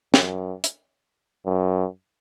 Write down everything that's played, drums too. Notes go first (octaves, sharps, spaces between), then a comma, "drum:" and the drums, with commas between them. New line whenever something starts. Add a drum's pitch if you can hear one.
F#2, drum: snare
drum: hi-hat
F#2